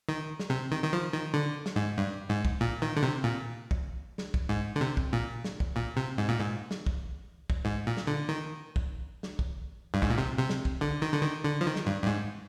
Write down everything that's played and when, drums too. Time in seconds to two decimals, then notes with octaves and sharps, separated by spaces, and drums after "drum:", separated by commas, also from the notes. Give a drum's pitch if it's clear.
0.09 D#3
0.40 drum: snare
0.50 C3
0.72 D#3
0.83 D#3
0.93 F3
1.13 D#3
1.34 D3
1.66 drum: snare
1.76 G#2
1.98 G2
2.29 G#2
2.45 drum: kick
2.61 A#2
2.82 D#3
2.97 D3
3.03 C3
3.24 A#2
3.71 drum: kick
4.18 drum: snare
4.34 drum: kick
4.49 G#2
4.76 D3
4.81 C3
4.97 drum: kick
5.13 A#2
5.44 drum: snare
5.60 drum: kick
5.76 A#2
5.97 C3
6.18 G#2
6.29 A#2
6.39 G#2
6.71 drum: snare
6.86 drum: kick
7.50 drum: kick
7.65 G#2
7.87 A#2
7.97 drum: snare
8.07 D3
8.29 D#3
8.76 drum: kick
9.23 drum: snare
9.39 drum: kick
9.94 G2
10.02 G#2, drum: kick
10.10 A#2
10.18 C3
10.39 C3
10.49 drum: snare
10.65 drum: kick
10.81 D3
11.02 D#3
11.13 D3
11.22 D#3
11.44 D3
11.61 F3
11.66 D#3
11.76 drum: snare
11.86 G2
12.02 G2
12.07 G#2